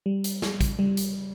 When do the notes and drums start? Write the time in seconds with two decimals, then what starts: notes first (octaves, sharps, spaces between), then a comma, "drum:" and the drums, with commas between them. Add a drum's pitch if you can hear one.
0.06 G3
0.24 drum: hi-hat
0.42 drum: snare
0.61 drum: kick, hi-hat
0.79 G3
0.97 drum: hi-hat